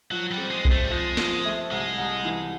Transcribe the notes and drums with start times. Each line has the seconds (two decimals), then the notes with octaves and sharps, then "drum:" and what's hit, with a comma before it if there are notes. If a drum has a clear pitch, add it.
0.11 F3 F#3
0.31 G3
0.38 C4
0.51 G#3
0.65 C4, drum: kick
0.71 A3
0.84 G3
0.91 F3 G#3
1.17 F3, drum: snare
1.45 A3
1.71 C2 G#3
1.98 C2
2.25 E3